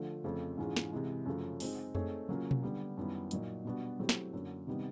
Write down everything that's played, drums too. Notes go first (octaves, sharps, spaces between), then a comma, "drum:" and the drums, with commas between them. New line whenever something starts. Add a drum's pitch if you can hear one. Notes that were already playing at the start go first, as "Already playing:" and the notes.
Already playing: D3 F3 A3
F2 C#3 F3 A3 C4
G#2 E3 G#3 C#4 F4
drum: snare
C3 E3 G#3
F#2 C#3 F3 A3
G#3 C4 D#4, drum: open hi-hat
A3 C4 D#4 G#4 C#5, drum: tom F2
C#3 F#3 A#3 C#4 F4
drum: tom B2
D3 G3 B3
F#2 D#3 G3 B3 E4
A#2 F#3 A#3 D#4, drum: hi-hat
B2 G3 B3 D4 F#4
F#3 A3 C4 E4 G4
drum: snare
F#2 D3 F#3 A#3
C3 D#3 G3 B3 D#4